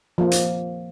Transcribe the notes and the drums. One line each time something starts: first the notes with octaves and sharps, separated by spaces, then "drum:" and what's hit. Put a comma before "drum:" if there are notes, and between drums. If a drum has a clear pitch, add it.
F3 A#3
drum: hi-hat